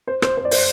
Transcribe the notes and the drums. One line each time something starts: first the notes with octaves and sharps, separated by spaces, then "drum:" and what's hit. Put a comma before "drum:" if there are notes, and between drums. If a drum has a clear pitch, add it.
C5
C5, drum: rim click
C5
D5
C5, drum: open hi-hat